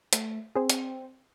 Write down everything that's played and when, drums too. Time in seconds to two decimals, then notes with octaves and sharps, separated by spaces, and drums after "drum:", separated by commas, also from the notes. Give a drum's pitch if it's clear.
0.13 A3, drum: hi-hat
0.56 C4 G#4 C5
0.70 drum: hi-hat